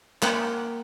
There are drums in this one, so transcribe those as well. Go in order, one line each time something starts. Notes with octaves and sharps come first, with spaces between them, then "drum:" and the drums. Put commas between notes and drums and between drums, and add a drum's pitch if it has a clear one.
A#3 F#5 G5, drum: clap